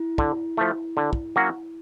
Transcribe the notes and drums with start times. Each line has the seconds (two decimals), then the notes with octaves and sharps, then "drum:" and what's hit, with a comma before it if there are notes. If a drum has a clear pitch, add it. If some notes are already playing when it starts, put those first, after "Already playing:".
Already playing: E4
0.18 D3, drum: kick
0.57 F3 A3
0.97 D3
1.13 drum: kick
1.36 F#3 A#3 C#4 F#4